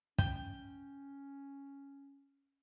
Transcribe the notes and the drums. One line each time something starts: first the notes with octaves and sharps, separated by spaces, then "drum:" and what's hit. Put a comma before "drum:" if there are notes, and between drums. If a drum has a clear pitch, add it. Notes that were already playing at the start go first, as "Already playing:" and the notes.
C#4 G5, drum: kick